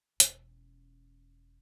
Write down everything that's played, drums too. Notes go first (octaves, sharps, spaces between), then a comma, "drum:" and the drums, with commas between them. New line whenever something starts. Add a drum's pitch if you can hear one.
E1 C#4, drum: hi-hat